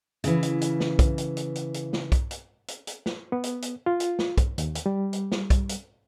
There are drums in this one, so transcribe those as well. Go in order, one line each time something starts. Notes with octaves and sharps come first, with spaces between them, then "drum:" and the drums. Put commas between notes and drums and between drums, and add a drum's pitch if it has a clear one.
C#3 E3, drum: hi-hat
drum: hi-hat
drum: hi-hat
drum: snare
drum: kick, hi-hat
drum: hi-hat
drum: hi-hat
drum: hi-hat
drum: hi-hat
drum: snare
drum: kick, hi-hat
drum: hi-hat
drum: hi-hat
drum: hi-hat
drum: snare
B3
drum: hi-hat
drum: hi-hat
F4
drum: hi-hat
drum: snare
drum: kick, hi-hat
D#2, drum: hi-hat
drum: hi-hat
G3
drum: hi-hat
drum: snare
drum: kick, hi-hat
drum: hi-hat